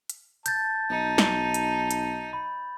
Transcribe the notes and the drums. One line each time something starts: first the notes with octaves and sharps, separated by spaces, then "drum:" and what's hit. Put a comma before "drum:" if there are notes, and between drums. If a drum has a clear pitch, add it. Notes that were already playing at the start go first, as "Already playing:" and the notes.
drum: hi-hat
A5 G6 A6, drum: hi-hat
B1 D#4
drum: snare
drum: hi-hat
drum: hi-hat
B5